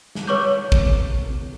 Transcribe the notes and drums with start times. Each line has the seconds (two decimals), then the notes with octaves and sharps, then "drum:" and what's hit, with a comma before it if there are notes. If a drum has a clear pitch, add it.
0.15 drum: snare
0.27 B4 C#5 C#6 D6 G6
0.72 drum: kick